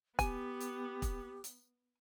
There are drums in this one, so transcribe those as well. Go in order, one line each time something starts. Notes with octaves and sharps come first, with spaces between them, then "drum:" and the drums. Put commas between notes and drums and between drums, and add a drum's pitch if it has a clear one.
B3 G4 G#5, drum: kick E1, hi-hat
drum: hi-hat
drum: kick E1, hi-hat
drum: hi-hat